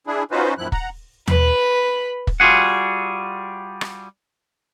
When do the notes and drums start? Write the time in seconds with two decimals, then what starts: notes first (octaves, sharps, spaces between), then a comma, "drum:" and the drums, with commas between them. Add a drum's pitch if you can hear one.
0.07 D4 E4 G#4
0.31 C#4 D#4 F4 F#4 B4 C5
0.58 F#2 A#2 D#3 F3 E4 F#6
0.72 F#5 A#5, drum: kick
1.28 B4 B5, drum: tom D#2
2.27 drum: kick
2.40 G3 F4 F#4 G#4 F#5
3.81 drum: rim click